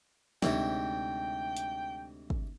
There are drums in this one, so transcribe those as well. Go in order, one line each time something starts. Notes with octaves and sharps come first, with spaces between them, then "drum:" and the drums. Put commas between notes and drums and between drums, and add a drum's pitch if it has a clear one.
D2 G#2 C3 G5, drum: snare
drum: hi-hat
drum: kick